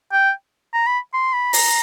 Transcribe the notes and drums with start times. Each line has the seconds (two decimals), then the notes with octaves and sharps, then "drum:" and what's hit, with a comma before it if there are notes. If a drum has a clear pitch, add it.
0.12 G5
0.73 A#5
0.86 B5
1.13 C6
1.33 B5
1.53 A#5, drum: open hi-hat